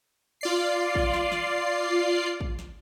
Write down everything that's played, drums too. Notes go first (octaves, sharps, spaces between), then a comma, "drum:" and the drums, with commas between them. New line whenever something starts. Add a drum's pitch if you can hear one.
F4 D5 C7
drum: kick
drum: snare
drum: snare
drum: kick
drum: snare